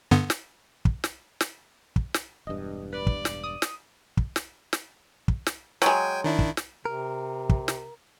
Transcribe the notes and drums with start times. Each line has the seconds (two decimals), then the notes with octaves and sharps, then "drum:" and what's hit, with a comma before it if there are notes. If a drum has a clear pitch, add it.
0.11 G2 D3 B3
0.30 drum: snare
0.85 drum: kick
1.04 drum: snare
1.41 drum: snare
1.96 drum: kick
2.14 drum: snare
2.47 E1 G2 D#5
2.93 B4 D5
3.07 drum: kick
3.25 drum: snare
3.44 D#6
3.62 drum: snare
4.17 drum: kick
4.36 drum: snare
4.73 drum: snare
5.28 drum: kick
5.46 drum: snare
5.82 F#3 G#3 G5 G#5, drum: snare
6.24 D#3 D4 E4
6.39 drum: kick
6.57 drum: snare
6.85 C3 A#4
7.49 drum: kick
7.68 drum: snare